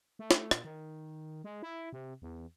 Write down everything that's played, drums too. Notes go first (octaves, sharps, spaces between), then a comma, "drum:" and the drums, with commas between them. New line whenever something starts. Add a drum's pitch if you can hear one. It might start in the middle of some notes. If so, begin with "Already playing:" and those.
A3
drum: snare
A#2, drum: rim click
D#3
G#3
E4
C3
E2